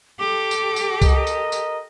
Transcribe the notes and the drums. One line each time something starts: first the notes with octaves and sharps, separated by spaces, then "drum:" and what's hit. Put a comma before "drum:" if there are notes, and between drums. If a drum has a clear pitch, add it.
G4 A4 D6
drum: tambourine
drum: tambourine
A#4 D#5, drum: kick C2, tambourine
drum: tambourine
drum: tambourine